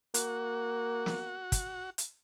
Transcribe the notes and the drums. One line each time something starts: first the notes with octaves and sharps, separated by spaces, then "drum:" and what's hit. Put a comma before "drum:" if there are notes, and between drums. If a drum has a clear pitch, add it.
A#3 F#4, drum: hi-hat
drum: snare
drum: kick, hi-hat
drum: hi-hat